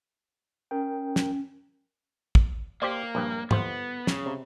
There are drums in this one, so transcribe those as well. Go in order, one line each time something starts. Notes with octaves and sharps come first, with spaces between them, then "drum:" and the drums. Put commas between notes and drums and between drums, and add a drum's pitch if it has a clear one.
C#4 A#4 G5
drum: snare
drum: kick
A#3 G4 C5 D5
A#1 G2
G1 B3 C5, drum: tom G#2
C#3, drum: snare
C3